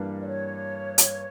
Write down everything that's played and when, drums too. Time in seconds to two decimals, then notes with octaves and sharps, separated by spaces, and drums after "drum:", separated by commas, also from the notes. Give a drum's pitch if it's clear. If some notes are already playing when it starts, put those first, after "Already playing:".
Already playing: G2 E3 G3 A#3 D4
0.19 D5
0.26 C#5
0.98 drum: hi-hat